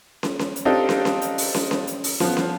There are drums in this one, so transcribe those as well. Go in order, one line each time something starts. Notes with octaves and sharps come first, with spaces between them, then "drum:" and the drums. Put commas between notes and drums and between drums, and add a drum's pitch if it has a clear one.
drum: snare
drum: snare
drum: hi-hat
C4 D4 D#4 F4 G4 A4
drum: snare
drum: snare
drum: hi-hat
drum: open hi-hat
drum: snare
drum: snare
drum: hi-hat
drum: open hi-hat
F3 B3, drum: snare
drum: snare